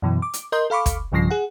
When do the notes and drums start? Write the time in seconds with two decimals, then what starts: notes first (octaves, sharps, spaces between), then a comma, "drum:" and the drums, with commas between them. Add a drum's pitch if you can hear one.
0.02 F#2 B2 E3
0.22 D6
0.34 drum: hi-hat
0.52 A#4 D#5 C6 G6
0.70 A4 F5 B5 C#6 D6
0.86 drum: kick, hi-hat
1.12 B1 G2 C#3 F3 A#6 C7
1.30 G#4 F#5